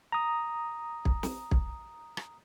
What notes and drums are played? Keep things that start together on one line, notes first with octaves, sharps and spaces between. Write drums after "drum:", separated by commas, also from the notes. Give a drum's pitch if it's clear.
A#5 D#6
drum: kick
drum: snare
drum: kick
drum: rim click